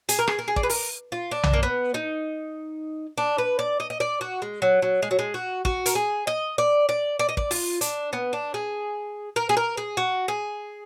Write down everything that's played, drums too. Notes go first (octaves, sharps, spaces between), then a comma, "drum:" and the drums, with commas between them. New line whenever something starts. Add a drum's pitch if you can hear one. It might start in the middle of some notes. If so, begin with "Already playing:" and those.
G#4, drum: hi-hat
A#4
G#4, drum: rim click
A#4
G#4
D5, drum: kick
B4
A#4, drum: open hi-hat
F4
D4
drum: tom B1
A#3
B3
D#4
D4
B4
D5
D#5
D#5
D5
F#4
G#3
F#3
F#3
G#3
F#3
G#3
F#4
F#4, drum: kick
A#4, drum: hi-hat
G#4
D#5
D5
D5
D5
D#5
D5, drum: kick
F4, drum: open hi-hat
D4, drum: hi-hat
B3
D4
G#4
A#4
G#4
A#4
G#4
F#4
G#4